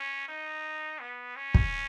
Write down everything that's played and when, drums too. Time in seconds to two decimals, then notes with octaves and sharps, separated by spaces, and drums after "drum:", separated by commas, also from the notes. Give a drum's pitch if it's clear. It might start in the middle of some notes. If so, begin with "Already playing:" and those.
Already playing: C#4
0.28 D#4
1.00 B3
1.36 C#4
1.54 drum: kick